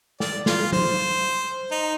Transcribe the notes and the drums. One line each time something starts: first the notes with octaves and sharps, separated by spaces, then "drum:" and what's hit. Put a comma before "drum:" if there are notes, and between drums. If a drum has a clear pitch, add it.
D5, drum: snare
F4, drum: snare
C5, drum: tom F#3
D#4